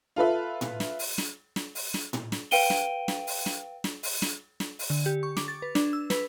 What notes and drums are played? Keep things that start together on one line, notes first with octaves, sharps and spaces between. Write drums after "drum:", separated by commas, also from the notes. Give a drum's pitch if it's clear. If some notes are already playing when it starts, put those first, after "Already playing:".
F4 A4 B4 E5
drum: tom A2
drum: snare
drum: open hi-hat
drum: snare
drum: snare
drum: open hi-hat
drum: snare
drum: tom A2
drum: snare
B4 F5 G5 D7 D#7 G7, drum: open hi-hat
drum: snare
drum: snare
drum: open hi-hat
drum: snare
drum: snare
drum: open hi-hat
drum: snare
drum: snare
drum: open hi-hat
D3
G4
C#6
D6, drum: snare
A6
B4
D4, drum: snare
E6
B4, drum: snare